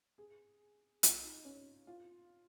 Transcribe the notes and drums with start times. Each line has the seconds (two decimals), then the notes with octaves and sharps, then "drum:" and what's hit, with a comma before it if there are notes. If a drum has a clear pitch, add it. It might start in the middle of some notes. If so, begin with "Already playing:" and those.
0.18 G#4
1.03 F4, drum: hi-hat
1.24 D#4
1.45 C#4
1.87 F4